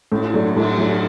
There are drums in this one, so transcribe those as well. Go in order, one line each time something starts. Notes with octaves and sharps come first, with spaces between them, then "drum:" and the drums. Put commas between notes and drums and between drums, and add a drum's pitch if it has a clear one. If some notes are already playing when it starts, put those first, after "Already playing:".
A2, drum: cymbal
F#3 A3 D4
A2, drum: cymbal
F#3 A3 D4